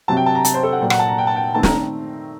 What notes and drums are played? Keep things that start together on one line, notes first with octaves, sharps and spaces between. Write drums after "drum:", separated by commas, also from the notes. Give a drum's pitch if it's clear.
C3 F#3 C4 A5
G5
A5
A#5
A5, drum: hi-hat
C5
A4
F#5
A#2 F#3 A#3 G5
F#5, drum: rim click
A5
A#5
G5
A5
G5
D#3 A3 C4 A5
A#5, drum: snare